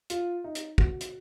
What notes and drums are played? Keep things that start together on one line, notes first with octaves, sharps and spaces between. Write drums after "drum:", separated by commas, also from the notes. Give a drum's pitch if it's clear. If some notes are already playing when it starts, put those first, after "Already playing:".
F4, drum: hi-hat
D#4
drum: hi-hat
F#4, drum: kick
drum: hi-hat